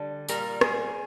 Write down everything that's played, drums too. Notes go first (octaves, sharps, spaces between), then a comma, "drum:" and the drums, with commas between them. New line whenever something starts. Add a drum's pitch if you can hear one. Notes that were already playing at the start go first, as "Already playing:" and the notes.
Already playing: D3 G3
A#2 G3 A#4, drum: tambourine
G#4, drum: rim click